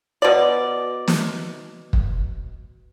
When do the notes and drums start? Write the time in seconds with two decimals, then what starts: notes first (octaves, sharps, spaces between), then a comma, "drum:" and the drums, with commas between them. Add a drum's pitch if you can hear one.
0.22 B2 D5
1.08 drum: snare
1.93 drum: kick